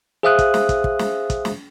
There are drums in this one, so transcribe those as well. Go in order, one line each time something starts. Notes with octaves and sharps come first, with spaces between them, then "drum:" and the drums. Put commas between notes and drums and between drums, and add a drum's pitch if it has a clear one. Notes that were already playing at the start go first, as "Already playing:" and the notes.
G#4 C5 E5 F5 D#6 F#6
drum: kick, hi-hat
drum: snare
drum: kick, hi-hat
drum: kick
drum: snare
drum: kick, hi-hat
drum: snare